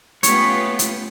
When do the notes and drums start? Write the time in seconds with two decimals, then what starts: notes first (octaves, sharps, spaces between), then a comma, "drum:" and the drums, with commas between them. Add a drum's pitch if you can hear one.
0.23 A3 B3 C#4 F4 G4 C#5, drum: hi-hat
0.79 drum: hi-hat